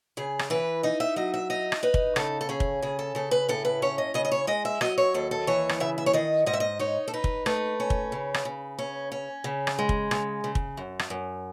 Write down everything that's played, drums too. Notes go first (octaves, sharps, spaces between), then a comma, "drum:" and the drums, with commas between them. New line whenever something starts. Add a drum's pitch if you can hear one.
C#3 G#4
drum: rim click
E3 B4
D#4 D#5
E5
F#3 D#5
E5
D#4 D#5
drum: rim click
D#4 B4
drum: kick
C#3 A4, drum: rim click
A4
C#4 G#4
drum: kick
C#3 G#4
A4
C#3 A4
B4
A2 A4
B4
C#4 C#5
D#5
C#3 D#5
D#5
C#5
G#3 D#5
E5
F#3 D#5, drum: rim click
C#5
D#2 A4
A4
E3 C#5
drum: rim click
C#3 E5
E5
C#5
D#3 D#5
G#2 D#5
E5
D#5
D#4 C#5
A4
D#4 B4
drum: kick
A3 B4, drum: rim click
C#4
drum: kick
C#3
drum: rim click
C#3
C#4
C#4
C#3
drum: rim click
G#3
drum: kick
C#3, drum: rim click
C#3
drum: kick
F#2
drum: rim click
F#2